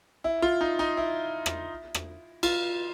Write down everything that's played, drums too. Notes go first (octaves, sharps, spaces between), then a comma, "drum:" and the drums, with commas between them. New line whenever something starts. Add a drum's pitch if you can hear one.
E4
F4
D#4
D#4
E4
drum: rim click
drum: rim click
F4, drum: cymbal